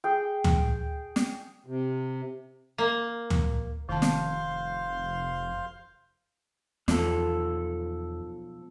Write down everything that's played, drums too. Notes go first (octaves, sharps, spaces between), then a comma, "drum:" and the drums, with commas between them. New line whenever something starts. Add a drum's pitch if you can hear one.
G#4 G5
drum: tom D2
drum: snare
C3
A#3
drum: tom D2
F1 D#3 C5 F5 A5 C6
drum: snare
B1 E2 F3 A4, drum: snare